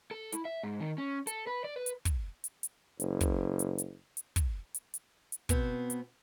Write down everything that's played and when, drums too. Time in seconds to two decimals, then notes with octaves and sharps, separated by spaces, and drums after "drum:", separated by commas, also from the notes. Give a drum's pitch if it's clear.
0.11 A4
0.32 E4, drum: hi-hat
0.45 E5
0.63 G#2
0.80 D#3
0.98 C#4
1.27 A4, drum: hi-hat
1.47 B4
1.64 D5
1.76 B4
1.86 drum: hi-hat
2.05 drum: kick, hi-hat
2.44 drum: hi-hat
2.63 drum: hi-hat
3.00 F#1, drum: hi-hat
3.21 drum: kick, hi-hat
3.59 drum: hi-hat
3.78 drum: hi-hat
4.17 drum: hi-hat
4.36 drum: kick, hi-hat
4.74 drum: hi-hat
4.94 drum: hi-hat
5.32 drum: hi-hat
5.49 B2 B3 C4, drum: kick, hi-hat
5.90 drum: hi-hat